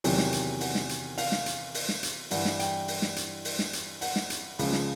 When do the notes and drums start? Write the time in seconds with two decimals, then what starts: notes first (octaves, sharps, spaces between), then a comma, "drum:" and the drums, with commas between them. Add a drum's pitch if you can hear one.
0.04 E2 C3 D#3 F#3 G5, drum: open hi-hat
0.18 drum: snare
0.32 drum: hi-hat
0.60 F#5, drum: open hi-hat
0.75 drum: snare
0.89 drum: hi-hat
1.18 F5, drum: open hi-hat
1.32 drum: snare
1.46 drum: hi-hat
1.74 drum: open hi-hat
1.89 drum: snare
2.03 drum: hi-hat
2.31 G2 E3 F#5, drum: open hi-hat
2.45 drum: snare
2.60 G5, drum: hi-hat
2.88 drum: open hi-hat
3.02 drum: snare
3.16 drum: hi-hat
3.45 drum: open hi-hat
3.59 drum: snare
3.73 drum: hi-hat
4.01 F#5, drum: open hi-hat
4.16 drum: snare
4.30 drum: hi-hat
4.59 C#2 C#3 F3, drum: open hi-hat
4.72 drum: snare